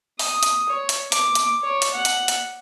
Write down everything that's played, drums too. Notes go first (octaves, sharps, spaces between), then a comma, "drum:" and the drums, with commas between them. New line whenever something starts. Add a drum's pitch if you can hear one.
D#6, drum: open hi-hat
drum: hi-hat
C#5
drum: hi-hat
D6, drum: hi-hat
drum: hi-hat
C#5
drum: hi-hat
F#5
drum: hi-hat
drum: hi-hat